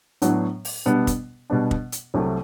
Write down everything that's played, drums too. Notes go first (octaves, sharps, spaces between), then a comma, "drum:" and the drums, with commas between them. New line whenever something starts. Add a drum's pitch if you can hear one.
A2 F#3 B3 D4 F#4, drum: hi-hat
drum: open hi-hat
B2 G3 B3 D4
drum: kick, hi-hat
B2 G3 B3 D4
drum: kick
drum: hi-hat
C2 C3 F#3 A3